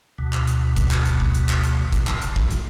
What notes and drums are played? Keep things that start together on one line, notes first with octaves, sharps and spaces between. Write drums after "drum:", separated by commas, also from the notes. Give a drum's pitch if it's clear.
D2 B2
drum: clap
drum: hi-hat
drum: kick, hi-hat
drum: clap
drum: hi-hat
drum: kick
drum: hi-hat
drum: clap
drum: hi-hat
drum: kick, hi-hat
drum: clap
drum: hi-hat
drum: kick
drum: hi-hat